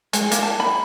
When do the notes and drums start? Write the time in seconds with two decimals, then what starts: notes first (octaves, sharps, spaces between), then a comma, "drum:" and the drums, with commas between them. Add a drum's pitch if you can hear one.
0.13 G#3, drum: hi-hat
0.31 A#3, drum: hi-hat
0.43 A5
0.60 B5